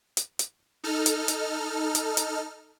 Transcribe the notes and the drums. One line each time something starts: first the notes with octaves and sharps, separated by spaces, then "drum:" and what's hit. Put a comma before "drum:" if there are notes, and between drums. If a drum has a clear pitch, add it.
drum: hi-hat
drum: hi-hat
D#4 A4 F6
drum: hi-hat
drum: hi-hat
drum: hi-hat
drum: hi-hat